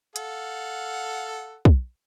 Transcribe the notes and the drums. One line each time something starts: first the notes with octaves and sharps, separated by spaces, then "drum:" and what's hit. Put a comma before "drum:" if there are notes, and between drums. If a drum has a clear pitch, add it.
A4 F5 F#5, drum: hi-hat
drum: kick